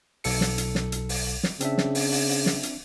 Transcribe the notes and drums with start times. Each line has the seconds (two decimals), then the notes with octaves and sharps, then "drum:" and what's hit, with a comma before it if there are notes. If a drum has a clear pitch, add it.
0.24 B1 A4 C#7, drum: open hi-hat
0.41 drum: snare
0.58 drum: hi-hat
0.75 drum: snare
0.92 drum: hi-hat
1.09 drum: open hi-hat
1.43 drum: snare
1.61 C#3 C4 D4 E5, drum: hi-hat
1.78 drum: snare
1.95 drum: open hi-hat
2.12 drum: open hi-hat
2.29 drum: open hi-hat
2.46 drum: snare
2.63 drum: hi-hat